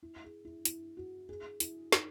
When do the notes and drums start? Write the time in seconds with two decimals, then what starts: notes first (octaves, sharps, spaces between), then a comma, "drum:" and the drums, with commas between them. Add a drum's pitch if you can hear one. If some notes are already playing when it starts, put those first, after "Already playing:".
0.03 E4
0.24 G#4
0.45 E4
0.65 E4, drum: hi-hat
0.97 F#4
1.29 G#4
1.60 E4, drum: hi-hat
1.92 D#4, drum: snare